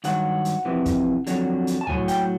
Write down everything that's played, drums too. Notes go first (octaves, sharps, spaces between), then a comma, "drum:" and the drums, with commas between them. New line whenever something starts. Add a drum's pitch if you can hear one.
G2 D#3 F#3 F#5, drum: hi-hat
drum: hi-hat
F2 C3 E3
drum: kick, hi-hat
F2 D3 F#3, drum: hi-hat
drum: hi-hat
A5
A2 F#3 G#5, drum: tom C#2
G5, drum: hi-hat